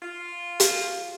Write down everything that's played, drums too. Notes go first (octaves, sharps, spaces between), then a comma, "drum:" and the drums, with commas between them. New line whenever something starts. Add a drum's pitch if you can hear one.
F4
drum: hi-hat